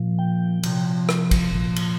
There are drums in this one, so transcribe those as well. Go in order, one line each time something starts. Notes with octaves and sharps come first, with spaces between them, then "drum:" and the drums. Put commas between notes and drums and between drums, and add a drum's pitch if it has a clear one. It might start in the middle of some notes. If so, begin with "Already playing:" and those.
Already playing: A#2 F3
G5
C3 F3, drum: cymbal
drum: rim click
drum: kick, cymbal
A#2 F3
drum: cymbal